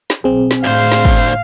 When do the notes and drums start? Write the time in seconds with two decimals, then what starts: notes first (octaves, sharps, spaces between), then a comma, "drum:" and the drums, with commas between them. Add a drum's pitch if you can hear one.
0.10 drum: snare
0.24 B1 C4 G#4
0.51 drum: snare
0.64 D2 A2 C5 F5
0.92 drum: snare
1.05 drum: kick